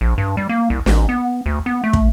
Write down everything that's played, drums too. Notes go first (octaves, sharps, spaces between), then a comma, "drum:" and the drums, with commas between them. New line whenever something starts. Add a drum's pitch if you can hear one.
A#1
G2
G3
A#3
C2
A1, drum: snare
B3
D2
B3
A3
drum: kick